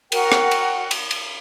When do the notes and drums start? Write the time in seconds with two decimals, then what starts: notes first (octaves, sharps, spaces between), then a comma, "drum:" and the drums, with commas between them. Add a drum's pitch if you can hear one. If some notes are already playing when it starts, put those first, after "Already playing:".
0.12 F#4 A#4 F#5 G5, drum: cymbal
0.32 drum: rim click
0.51 drum: cymbal
0.91 drum: cymbal
1.11 drum: cymbal